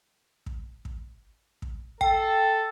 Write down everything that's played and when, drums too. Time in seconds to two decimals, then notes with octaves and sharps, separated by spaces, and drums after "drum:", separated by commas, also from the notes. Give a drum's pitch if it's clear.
0.46 drum: kick
0.85 drum: kick
1.62 drum: kick
2.01 A4 G5, drum: kick